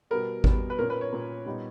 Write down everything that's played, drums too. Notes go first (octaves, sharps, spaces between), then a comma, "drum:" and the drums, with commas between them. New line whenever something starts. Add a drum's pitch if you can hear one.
B2 G3 B3 A#4
B2 G3 B3, drum: kick G#1
B4
A#2 A#3 C#4 A#4
B4
C#5
A#2 A#3 C#4
A#2 G3 B3 D#4